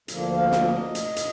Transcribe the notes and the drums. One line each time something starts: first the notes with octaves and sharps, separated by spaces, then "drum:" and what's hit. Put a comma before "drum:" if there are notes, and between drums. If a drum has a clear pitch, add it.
D2 D3 F3 A#3, drum: hi-hat
F5
drum: snare
D#5
drum: hi-hat
drum: hi-hat